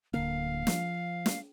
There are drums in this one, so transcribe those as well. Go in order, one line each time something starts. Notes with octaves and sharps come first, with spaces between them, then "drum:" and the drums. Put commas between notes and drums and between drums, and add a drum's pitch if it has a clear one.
D1 D3 A#3 F5
F3, drum: snare
drum: snare